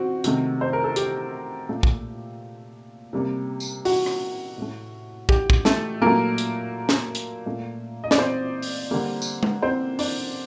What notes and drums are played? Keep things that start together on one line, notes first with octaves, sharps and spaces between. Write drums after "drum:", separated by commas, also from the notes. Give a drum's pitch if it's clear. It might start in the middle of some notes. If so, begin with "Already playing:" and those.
Already playing: C4 F#4
C3 D#3 A3, drum: hi-hat
C5
A#4
A4
G4, drum: hi-hat
A#2 A3
drum: kick
C3 G3 A#3
drum: tambourine
F#4, drum: open hi-hat
drum: rim click
A2 A3
G4, drum: kick
drum: kick
A3 A4, drum: snare
A#2 F#3 A3 A#3 A#4
drum: hi-hat
drum: snare
drum: hi-hat
A#2 A3
D#5
D5, drum: snare
C4 C5
drum: open hi-hat
D3 G3 A#3
drum: tambourine
drum: tom G#3
C4 C5
D4 D5, drum: open hi-hat